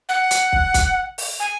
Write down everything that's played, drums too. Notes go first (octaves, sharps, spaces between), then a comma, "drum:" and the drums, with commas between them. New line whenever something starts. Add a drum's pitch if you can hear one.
F#5
drum: hi-hat
drum: kick
drum: kick, hi-hat
drum: open hi-hat
G#5